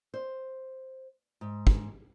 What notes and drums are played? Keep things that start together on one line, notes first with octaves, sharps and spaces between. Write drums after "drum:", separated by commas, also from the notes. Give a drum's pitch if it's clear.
C5
G#2
drum: kick